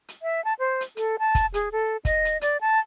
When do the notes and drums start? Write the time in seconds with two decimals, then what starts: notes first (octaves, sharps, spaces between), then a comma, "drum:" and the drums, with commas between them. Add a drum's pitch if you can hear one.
0.08 drum: hi-hat
0.22 E5
0.45 A5
0.59 C5
0.81 drum: hi-hat
0.97 A4, drum: hi-hat
1.19 A5
1.35 drum: kick, hi-hat
1.54 G#4, drum: hi-hat
1.72 A4
2.05 D#5, drum: kick, hi-hat
2.25 drum: hi-hat
2.41 D5, drum: hi-hat
2.61 A5